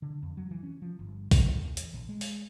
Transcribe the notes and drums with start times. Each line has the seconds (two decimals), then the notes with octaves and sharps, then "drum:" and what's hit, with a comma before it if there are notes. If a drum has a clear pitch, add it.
0.02 D3
0.23 F2
0.37 F#3
0.51 E3
0.63 C#4
0.82 F3
0.99 G1
1.31 B1, drum: kick A#1, open hi-hat
1.57 E2
1.77 drum: hi-hat
1.94 A#1
2.09 G#3
2.21 drum: open hi-hat